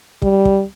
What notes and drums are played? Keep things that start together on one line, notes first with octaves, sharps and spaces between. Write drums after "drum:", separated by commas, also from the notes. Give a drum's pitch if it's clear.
G3, drum: kick
drum: kick